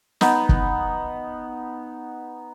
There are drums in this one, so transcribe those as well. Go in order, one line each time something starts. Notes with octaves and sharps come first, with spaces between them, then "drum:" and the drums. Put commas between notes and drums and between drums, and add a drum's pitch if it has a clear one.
B3 D#4, drum: snare
drum: kick